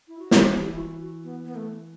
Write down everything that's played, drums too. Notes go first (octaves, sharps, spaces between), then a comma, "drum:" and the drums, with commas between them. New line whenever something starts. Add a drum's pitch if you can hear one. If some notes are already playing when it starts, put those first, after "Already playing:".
E4
F#4
E3 G4, drum: snare
G4
E4
F#4
F#4
B3
B3
A3